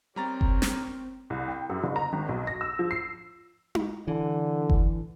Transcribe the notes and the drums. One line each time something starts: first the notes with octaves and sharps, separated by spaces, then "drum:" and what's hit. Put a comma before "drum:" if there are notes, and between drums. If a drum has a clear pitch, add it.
G3 C4 G4 A#4 C#5 A#5 A6
drum: kick F#1
drum: snare
C2
G5
F#2
F#1
A#5
G#1
B1
A#6
E6
F3
C7
drum: tom D#4
D3 E3
drum: kick F#1